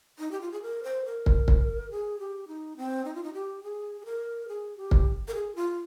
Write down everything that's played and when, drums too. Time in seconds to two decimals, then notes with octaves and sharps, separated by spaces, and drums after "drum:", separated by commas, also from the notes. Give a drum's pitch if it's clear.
0.19 D#4
0.31 G4
0.41 F4
0.52 G#4
0.62 A#4
0.83 C5
1.05 A#4
1.26 drum: kick
1.48 drum: kick
1.91 G#4
2.19 G4
2.48 D#4
2.77 C4
3.05 D#4
3.15 F4
3.23 D#4
3.34 G4
3.63 G#4
4.01 G#4
4.05 A#4
4.48 G#4
4.77 G4
4.91 drum: kick
5.28 A#4
5.35 G#4
5.55 F4